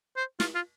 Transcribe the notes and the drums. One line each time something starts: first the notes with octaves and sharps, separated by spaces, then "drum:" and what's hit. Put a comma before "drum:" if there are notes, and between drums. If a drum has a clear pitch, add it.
C5
F4, drum: snare
F4